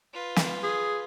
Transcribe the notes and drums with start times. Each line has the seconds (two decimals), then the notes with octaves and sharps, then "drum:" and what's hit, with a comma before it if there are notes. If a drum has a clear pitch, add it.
0.14 F4 B4
0.36 drum: snare
0.63 G#4